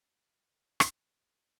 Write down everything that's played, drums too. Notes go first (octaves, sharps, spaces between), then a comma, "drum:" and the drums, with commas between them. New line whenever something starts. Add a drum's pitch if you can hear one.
E1 A#2 A#3 G5 E6
drum: rim click